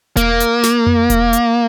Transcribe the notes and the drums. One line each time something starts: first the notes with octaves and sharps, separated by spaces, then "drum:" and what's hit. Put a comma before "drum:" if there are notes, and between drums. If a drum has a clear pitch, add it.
A#3, drum: kick E1, hi-hat
drum: hi-hat
drum: snare
drum: tom F2
drum: kick E1, hi-hat
drum: hi-hat